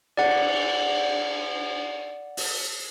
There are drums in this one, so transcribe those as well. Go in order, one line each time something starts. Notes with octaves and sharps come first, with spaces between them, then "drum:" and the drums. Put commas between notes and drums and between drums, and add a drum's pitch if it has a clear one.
D5 F#5, drum: cymbal
drum: open hi-hat